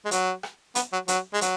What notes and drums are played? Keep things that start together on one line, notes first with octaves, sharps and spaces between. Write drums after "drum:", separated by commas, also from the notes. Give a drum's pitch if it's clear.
G#3
F#3, drum: hi-hat
drum: rim click
B3, drum: hi-hat
F#3
F#3, drum: hi-hat
G#3
F#3, drum: hi-hat